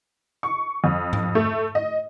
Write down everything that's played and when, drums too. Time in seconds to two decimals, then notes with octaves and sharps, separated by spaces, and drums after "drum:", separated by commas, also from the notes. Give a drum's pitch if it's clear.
0.43 C#6
0.84 F2
1.13 drum: tom G#2
1.35 A3
1.75 D#5